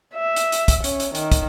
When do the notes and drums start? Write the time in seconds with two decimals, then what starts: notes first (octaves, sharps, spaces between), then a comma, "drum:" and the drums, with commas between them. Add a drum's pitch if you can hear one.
0.14 E5
0.36 drum: hi-hat
0.52 drum: hi-hat
0.68 drum: kick, hi-hat
0.84 C#4, drum: hi-hat
1.00 drum: hi-hat
1.15 D#3, drum: hi-hat
1.32 drum: kick, hi-hat